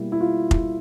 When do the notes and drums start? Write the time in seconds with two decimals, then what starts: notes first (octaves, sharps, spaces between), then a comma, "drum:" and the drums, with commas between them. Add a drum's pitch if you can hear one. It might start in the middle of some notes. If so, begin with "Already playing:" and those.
Already playing: B2 G3 A#3 E4
0.12 E4
0.21 F4
0.51 drum: kick F1